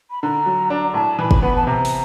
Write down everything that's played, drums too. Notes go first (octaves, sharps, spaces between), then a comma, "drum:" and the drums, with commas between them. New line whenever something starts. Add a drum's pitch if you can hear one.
B5
D3 A#5
F#3
D4
A2 A5
E3 B5
drum: kick
B3 B5
A5
C3 A#5
drum: open hi-hat